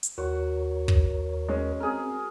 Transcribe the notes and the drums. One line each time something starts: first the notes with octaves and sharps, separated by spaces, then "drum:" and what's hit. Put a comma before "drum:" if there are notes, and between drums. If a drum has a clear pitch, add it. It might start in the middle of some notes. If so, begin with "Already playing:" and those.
drum: hi-hat
D#2 F#4 A#4 C#5
drum: kick
G#3 C#4
C4 G#4 A#4